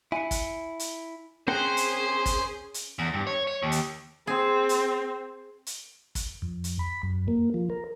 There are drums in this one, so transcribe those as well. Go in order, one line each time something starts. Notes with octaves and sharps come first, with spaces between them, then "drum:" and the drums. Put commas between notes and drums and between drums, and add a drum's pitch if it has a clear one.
E4 G#5 C#7
drum: kick, hi-hat
drum: hi-hat
C4 C#4 G#4 A#4 C5 G5 F#6 C#7
drum: hi-hat
drum: kick, hi-hat
drum: hi-hat
E2
G2
C#5
C#5
D#2
drum: hi-hat
C4 G#4
drum: hi-hat
drum: hi-hat
drum: kick, hi-hat
F2
drum: hi-hat
B5
F#2
A#3
F3
A#4